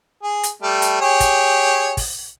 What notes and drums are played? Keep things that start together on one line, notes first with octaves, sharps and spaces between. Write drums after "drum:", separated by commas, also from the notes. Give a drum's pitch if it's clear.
G#4
drum: hi-hat
G3 A3
drum: hi-hat
G4 G#4 C#5
drum: kick, hi-hat
drum: kick, open hi-hat